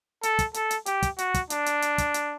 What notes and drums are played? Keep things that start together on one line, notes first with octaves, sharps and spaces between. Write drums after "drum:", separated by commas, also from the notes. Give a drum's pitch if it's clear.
A4, drum: hi-hat
drum: kick, hi-hat
A4, drum: hi-hat
drum: hi-hat
G4, drum: hi-hat
drum: kick, hi-hat
F#4, drum: hi-hat
drum: kick, hi-hat
D4, drum: hi-hat
drum: hi-hat
drum: hi-hat
drum: kick, hi-hat
drum: hi-hat